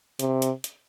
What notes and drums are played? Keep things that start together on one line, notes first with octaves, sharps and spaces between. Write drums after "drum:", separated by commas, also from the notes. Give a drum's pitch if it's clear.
C3, drum: hi-hat
drum: hi-hat
drum: hi-hat